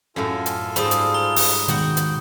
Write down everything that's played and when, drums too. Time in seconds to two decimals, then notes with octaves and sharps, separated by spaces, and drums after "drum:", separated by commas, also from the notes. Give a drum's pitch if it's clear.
0.16 F#2 A2 F4 A4 G#5
0.46 drum: hi-hat
0.76 G#2 G3 C5 B5 D#6, drum: hi-hat
0.91 drum: hi-hat
1.14 A#5 G7
1.36 drum: open hi-hat
1.68 B2 D#3 G#3 F#4 F#5 G5, drum: hi-hat
1.97 drum: hi-hat